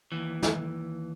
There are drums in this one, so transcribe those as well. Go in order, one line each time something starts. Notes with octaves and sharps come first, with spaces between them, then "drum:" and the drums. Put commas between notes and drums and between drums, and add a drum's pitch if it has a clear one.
D#2 E3
drum: snare